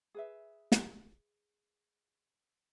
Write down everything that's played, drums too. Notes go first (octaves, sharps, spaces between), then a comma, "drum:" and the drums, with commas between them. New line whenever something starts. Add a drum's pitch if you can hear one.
G#4 B4 E5
drum: snare